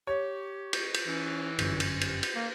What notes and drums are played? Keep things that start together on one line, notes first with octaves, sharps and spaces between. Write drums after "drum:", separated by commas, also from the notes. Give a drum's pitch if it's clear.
G4 C#5
drum: cymbal
drum: cymbal
E3 C#4
G1 F#2 D3 C#4, drum: cymbal
drum: cymbal
drum: cymbal
drum: cymbal
A#3